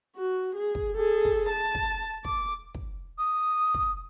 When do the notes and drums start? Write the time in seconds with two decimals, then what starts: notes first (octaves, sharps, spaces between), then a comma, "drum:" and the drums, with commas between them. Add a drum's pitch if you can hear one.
0.16 F#4
0.55 G#4
0.75 drum: kick
0.96 G#4 A4
1.25 drum: kick
1.49 A5
1.75 drum: kick
2.25 D6, drum: kick
2.74 drum: kick
3.18 D#6
3.74 drum: kick